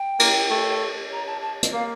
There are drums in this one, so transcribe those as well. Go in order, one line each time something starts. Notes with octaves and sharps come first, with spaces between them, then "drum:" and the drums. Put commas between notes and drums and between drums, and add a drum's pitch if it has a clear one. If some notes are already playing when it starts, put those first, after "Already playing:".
Already playing: G5
A#3, drum: cymbal
A3
A#5
A5
A5
D#5, drum: hi-hat
A#3 F5